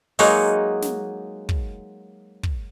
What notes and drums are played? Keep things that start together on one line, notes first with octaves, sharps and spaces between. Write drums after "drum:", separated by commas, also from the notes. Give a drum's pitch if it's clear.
F#3 G#3 A#3 D#4 F#4, drum: open hi-hat
drum: snare
drum: kick
drum: kick